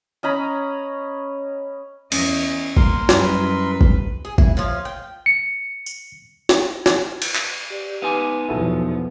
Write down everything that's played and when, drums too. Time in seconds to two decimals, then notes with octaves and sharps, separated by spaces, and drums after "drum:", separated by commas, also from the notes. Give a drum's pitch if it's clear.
0.23 C#4 D#5 A#5 B5
2.12 E2 C#4 D#5, drum: cymbal
2.77 A#3 A#4 C6, drum: kick G#1
3.09 F#2 G3 E4 B4, drum: snare
3.81 drum: kick G#1
4.25 G#4
4.38 E4, drum: kick G#1
4.57 F3 C#5 F5
4.85 G5
5.26 C#7
5.86 drum: tambourine
6.49 drum: snare
6.86 drum: snare
7.22 drum: cymbal
7.35 drum: clap
7.70 G4 D5
8.02 B3 D#4 B4 F5 G#5 C6 D6
8.49 B1 E2 F3 E4 F#4 A4